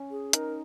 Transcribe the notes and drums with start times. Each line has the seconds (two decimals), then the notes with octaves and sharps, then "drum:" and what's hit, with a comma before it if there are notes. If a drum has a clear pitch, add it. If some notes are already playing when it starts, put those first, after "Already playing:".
Already playing: C#4
0.11 G#4
0.33 D#4 A#4, drum: hi-hat